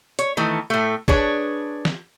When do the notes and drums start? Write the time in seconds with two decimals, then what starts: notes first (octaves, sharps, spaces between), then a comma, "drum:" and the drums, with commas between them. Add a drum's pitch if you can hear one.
0.19 C#5, drum: hi-hat
0.37 D#3 E3 A3
0.70 A2 A3
1.08 D4 G#4 B4 C#5, drum: kick
1.85 drum: snare